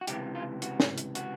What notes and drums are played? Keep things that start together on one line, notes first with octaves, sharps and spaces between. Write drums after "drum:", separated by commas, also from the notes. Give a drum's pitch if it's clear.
F#4
C#2 C3 E3 G4, drum: hi-hat
F4
F#4, drum: hi-hat
drum: snare
drum: hi-hat
F#4, drum: hi-hat